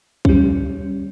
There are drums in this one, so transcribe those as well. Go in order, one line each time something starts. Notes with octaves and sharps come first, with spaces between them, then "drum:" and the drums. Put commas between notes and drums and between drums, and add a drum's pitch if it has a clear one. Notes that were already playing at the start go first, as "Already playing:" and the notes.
G3 C#4, drum: kick B1